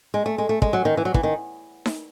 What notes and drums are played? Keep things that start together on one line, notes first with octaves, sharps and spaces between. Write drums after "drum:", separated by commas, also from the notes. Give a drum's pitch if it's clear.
G#3
A3
G#3
A3
G#3, drum: kick
F#3
D#3
E3
F#3
E3, drum: kick
D#3
drum: snare D#4